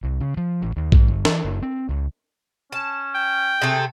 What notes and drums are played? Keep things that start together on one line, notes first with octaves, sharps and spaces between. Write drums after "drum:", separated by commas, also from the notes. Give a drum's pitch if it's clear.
C2
C#3
F3
A1
D#2
G#2, drum: kick A#1
G1
E3, drum: snare
F#1
C4
C#2
C#4 A5
G5
C3 A3 G#4